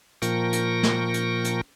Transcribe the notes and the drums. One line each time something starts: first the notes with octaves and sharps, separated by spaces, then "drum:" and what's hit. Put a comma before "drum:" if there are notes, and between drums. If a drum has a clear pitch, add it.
A#2 F3 A#4 G5 C#6 A#6, drum: hi-hat
drum: hi-hat
drum: snare
drum: hi-hat
drum: hi-hat